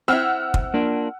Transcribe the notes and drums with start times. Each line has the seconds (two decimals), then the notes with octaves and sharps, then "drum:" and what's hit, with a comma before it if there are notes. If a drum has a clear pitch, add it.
0.08 C4 E4 F#5 E6 F6
0.54 drum: kick
0.74 A#3 D4 F4